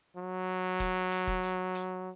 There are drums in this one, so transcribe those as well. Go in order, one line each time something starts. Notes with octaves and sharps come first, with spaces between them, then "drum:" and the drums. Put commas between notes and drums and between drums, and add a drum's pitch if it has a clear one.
F#3
drum: kick, hi-hat
drum: hi-hat
drum: kick
drum: hi-hat
drum: hi-hat